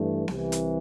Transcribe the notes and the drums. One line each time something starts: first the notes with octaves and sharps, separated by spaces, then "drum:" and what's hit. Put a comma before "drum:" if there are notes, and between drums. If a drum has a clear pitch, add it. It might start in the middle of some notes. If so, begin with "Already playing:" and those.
Already playing: G2 E3 A3
C2 C3 E3, drum: snare B3
drum: hi-hat